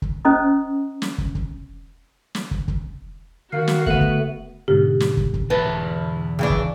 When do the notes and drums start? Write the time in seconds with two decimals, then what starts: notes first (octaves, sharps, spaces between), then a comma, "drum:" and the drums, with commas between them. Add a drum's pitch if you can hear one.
0.02 drum: kick
0.25 C#4 C5 D#5 A#5 D#6
1.02 drum: snare
1.18 drum: kick
1.35 drum: kick
2.35 drum: snare
2.51 drum: kick
2.68 drum: kick
3.53 D#3 F#4 A#4 F5
3.67 drum: snare
3.86 D3 A3 B3 B4 F#5, drum: kick
4.01 drum: kick
4.68 G#2 B2 D3 G4
5.00 drum: snare
5.17 drum: kick
5.34 drum: kick
5.50 E2 E4 B4 A5
6.39 C#3 E3 D4
6.50 drum: kick